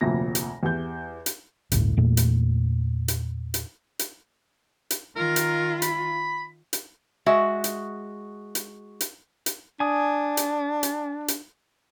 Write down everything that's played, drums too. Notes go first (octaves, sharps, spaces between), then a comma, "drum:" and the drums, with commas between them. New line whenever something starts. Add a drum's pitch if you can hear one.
F1 D2 A#2 A#6
drum: hi-hat
E2 G4 G6
drum: hi-hat
G1 D2 A2, drum: hi-hat
E2 A#2 A3
drum: hi-hat
drum: hi-hat
drum: hi-hat
drum: hi-hat
drum: hi-hat
D#3 F4 A#4
drum: hi-hat
B5, drum: hi-hat
drum: hi-hat
G#3 F#4 E5
drum: hi-hat
drum: hi-hat
drum: hi-hat
drum: hi-hat
D4 G#5 D#6
drum: hi-hat
drum: hi-hat
drum: hi-hat